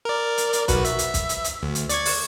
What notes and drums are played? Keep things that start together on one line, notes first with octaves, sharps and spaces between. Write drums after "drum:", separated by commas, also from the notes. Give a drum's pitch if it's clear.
A#4 D5
drum: hi-hat
drum: hi-hat
B1 F#4 B4, drum: kick, hi-hat
E5, drum: hi-hat
drum: hi-hat
drum: kick, hi-hat
drum: hi-hat
drum: hi-hat
D2
drum: hi-hat
D5 C#6 G#6, drum: hi-hat
drum: open hi-hat